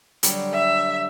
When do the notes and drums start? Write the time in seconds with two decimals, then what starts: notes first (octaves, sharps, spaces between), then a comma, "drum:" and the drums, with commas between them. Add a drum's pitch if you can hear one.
0.23 D3 F#3 G3, drum: hi-hat
0.54 E5